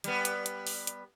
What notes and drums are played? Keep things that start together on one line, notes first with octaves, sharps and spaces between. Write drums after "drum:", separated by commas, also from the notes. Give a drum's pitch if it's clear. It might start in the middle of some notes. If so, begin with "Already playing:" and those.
G3 B3, drum: hi-hat
drum: hi-hat
drum: hi-hat
drum: open hi-hat
drum: hi-hat